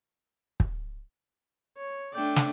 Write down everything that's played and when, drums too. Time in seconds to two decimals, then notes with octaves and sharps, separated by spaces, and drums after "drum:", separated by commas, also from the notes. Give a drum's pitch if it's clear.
0.60 drum: kick
1.77 C#5
2.14 A3 D4 D5 G5
2.36 drum: snare